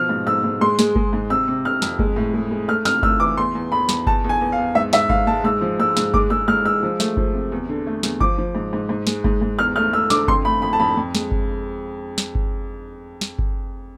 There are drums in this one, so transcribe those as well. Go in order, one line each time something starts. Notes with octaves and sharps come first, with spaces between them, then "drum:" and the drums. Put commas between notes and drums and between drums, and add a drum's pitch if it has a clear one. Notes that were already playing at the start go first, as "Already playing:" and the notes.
Already playing: B2 F3 F6
G#2
G#2 E6
G#2
G#3 C6
G#3, drum: snare
G#3, drum: kick G1
G#2
C3 E6
C3
C3 F6
F2, drum: snare
G#3, drum: kick G1
A2
G#3
G#3
A3 F6
C3 F6, drum: snare
A3 E6, drum: kick G1
E3 D6
E2 C6
E2
E2 B5
E2, drum: snare
E2 A5, drum: kick G1
E2
G#5
E2
F5
E2
G#2 E5
G#2 E5, drum: snare
G#2 F5, drum: kick G1
G#3 A5
G#2 E6
F3
G#3 E6
G#2, drum: snare
G#3 D6, drum: kick G1
G#3 E6
G#3 F6
G#3 E6
F3
A3, drum: snare
F3, drum: kick G1
C3
E2
D3
A3
E2, drum: snare
F3 D6, drum: kick G1
F3
G#2
G#2
G#2
G#3, drum: snare
G#2, drum: kick G1
G#2
E2 F6
A3 F6
A3 E6
D3 D6, drum: snare
F2 C6, drum: kick G1
A3 B5
F2 B5
A5
F2 B5
F2
G#3, drum: snare
drum: kick G1
drum: snare
drum: kick G1
drum: snare
drum: kick G1